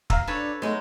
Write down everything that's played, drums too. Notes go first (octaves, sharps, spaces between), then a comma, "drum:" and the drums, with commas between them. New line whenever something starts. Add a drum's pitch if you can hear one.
F5 A#5 E6, drum: kick
D4 A4 B4 C#5
F#3 G#3 A3 D#4